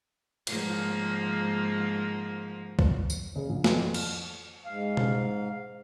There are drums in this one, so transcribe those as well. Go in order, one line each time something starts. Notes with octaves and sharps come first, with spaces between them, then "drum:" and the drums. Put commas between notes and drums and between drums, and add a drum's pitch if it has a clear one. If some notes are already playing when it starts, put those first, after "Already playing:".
G#2 F3 A#3, drum: cymbal
drum: kick
drum: tambourine
C#3
A#1
F2, drum: snare
F6, drum: cymbal
G#2 F5
drum: tom B2